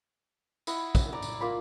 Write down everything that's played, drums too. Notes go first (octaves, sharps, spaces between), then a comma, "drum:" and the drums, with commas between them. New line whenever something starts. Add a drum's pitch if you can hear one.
E4 D#5 F#5, drum: tambourine
drum: kick, tambourine
D5 A#5
drum: tambourine
A#3 F4 B5